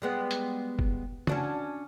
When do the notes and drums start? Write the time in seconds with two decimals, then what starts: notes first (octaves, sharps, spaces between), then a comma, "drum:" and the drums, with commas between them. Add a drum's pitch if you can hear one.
0.02 G3 G#3 B3
0.31 drum: hi-hat
0.79 drum: kick
1.27 C#4 D4 F#4, drum: tom C#3